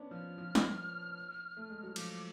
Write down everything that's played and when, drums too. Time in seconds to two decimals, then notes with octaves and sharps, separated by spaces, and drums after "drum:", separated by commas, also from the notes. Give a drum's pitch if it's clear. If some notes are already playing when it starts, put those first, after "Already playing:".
Already playing: B3 C#4 D4
0.11 F3 F6
0.38 F3
0.55 drum: snare
1.57 A3
1.70 G#3
1.83 F#3
1.96 F3 D6, drum: cymbal